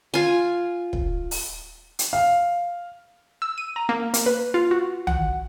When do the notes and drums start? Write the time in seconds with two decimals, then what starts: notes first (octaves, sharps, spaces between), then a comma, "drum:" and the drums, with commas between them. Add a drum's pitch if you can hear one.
0.14 F4 G#5
0.93 drum: kick
1.31 drum: open hi-hat
1.99 drum: hi-hat
2.13 F5
3.42 E6
3.58 D#7
3.76 A#5
3.89 A#3
4.14 A#3, drum: hi-hat
4.26 B4
4.54 F4
4.71 F#4
5.07 F#5, drum: tom